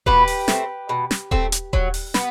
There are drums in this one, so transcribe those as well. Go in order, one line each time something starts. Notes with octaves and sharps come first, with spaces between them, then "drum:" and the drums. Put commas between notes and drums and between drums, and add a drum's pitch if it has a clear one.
B2 G4 B4, drum: kick D#1
drum: open hi-hat
A3 C4, drum: snare
B2
drum: snare
A3 C4, drum: kick D#1
drum: hi-hat
F#3, drum: kick D#1
drum: open hi-hat
B3, drum: snare